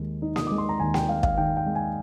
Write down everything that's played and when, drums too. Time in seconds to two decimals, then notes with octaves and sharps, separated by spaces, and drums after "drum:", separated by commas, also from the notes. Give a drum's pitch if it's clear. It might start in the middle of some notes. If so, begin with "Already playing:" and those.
Already playing: D#2 G#3
0.22 D#4
0.36 D#6, drum: snare A#3
0.47 G#3 D6
0.58 C6
0.69 A#5
0.80 D#2 G#5
0.94 G5, drum: snare A#3
1.08 G#3 F5
1.23 F5, drum: kick
1.37 D#3 G5
1.57 G5
1.66 G#3
1.75 G#5